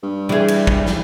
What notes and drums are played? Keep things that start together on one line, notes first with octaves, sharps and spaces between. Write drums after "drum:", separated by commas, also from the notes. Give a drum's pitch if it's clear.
G2
E3 G3 G#4 E5
drum: cymbal
drum: kick
drum: snare